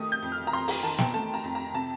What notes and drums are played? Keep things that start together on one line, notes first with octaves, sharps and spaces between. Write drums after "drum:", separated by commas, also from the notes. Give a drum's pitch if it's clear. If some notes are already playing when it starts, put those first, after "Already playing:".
Already playing: F2 D#3 A3 D#6
G6
F2
F6
A#5
F2 C6
A#5, drum: open hi-hat
D#3 A5
G5, drum: snare
A3 A5
A#5
F2
A#5
C3 A5